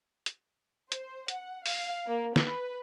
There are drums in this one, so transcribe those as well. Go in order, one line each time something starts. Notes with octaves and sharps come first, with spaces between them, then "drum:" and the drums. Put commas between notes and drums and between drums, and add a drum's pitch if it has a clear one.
drum: hi-hat
C5, drum: hi-hat
F#5, drum: hi-hat
F5, drum: open hi-hat
A#3
B4, drum: snare